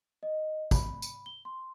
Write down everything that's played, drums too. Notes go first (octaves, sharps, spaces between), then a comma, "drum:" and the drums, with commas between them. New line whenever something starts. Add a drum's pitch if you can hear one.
D#5
B5, drum: kick, tambourine
drum: tambourine
G7
C6